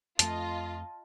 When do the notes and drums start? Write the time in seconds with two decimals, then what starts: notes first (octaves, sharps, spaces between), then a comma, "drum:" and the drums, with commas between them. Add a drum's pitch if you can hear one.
0.19 F2 A3 F4 D#5 A5, drum: hi-hat